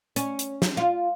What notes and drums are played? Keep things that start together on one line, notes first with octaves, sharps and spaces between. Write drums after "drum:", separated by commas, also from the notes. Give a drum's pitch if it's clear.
C#4, drum: hi-hat
drum: hi-hat
drum: snare
F4